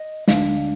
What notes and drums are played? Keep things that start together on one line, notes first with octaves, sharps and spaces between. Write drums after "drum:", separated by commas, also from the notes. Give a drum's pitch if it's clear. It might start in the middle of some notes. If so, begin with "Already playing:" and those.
Already playing: D#5
D2 D3 G#3 D4 F5, drum: snare